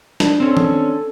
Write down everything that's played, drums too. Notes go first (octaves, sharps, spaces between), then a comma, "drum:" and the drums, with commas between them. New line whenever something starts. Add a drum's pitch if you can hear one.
D4, drum: snare
C4 C#4 A4
drum: tom D#3